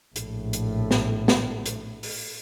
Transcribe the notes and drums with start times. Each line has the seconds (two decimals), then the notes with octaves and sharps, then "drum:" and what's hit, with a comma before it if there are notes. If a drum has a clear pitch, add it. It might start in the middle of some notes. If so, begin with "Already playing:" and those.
0.16 A#1 A2, drum: hi-hat
0.53 drum: hi-hat
0.91 drum: snare
1.28 drum: snare
1.66 drum: hi-hat
2.03 drum: open hi-hat